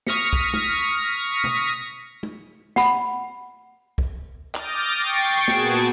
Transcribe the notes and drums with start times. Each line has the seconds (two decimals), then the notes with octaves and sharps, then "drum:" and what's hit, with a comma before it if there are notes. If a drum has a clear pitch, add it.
0.07 C#6 D#6 F6 A#6 B6 C#7, drum: snare
0.33 drum: kick
0.53 drum: tom
1.44 drum: tom B2
2.23 drum: tom
2.76 F#5 B5, drum: snare
3.98 drum: kick
4.55 D6 D#6 F6 G6 A6 A#6, drum: clap
4.96 G5 C#6 A6 C7 D7
5.48 A#2 B3 F#4 G#4 A5 G#6, drum: snare